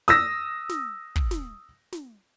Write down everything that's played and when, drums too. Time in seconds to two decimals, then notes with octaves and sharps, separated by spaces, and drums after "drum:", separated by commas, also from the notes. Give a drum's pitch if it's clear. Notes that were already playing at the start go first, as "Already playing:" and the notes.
0.08 D#6 E6 A#6, drum: snare
0.69 drum: snare
1.16 drum: kick
1.31 drum: snare
1.92 drum: snare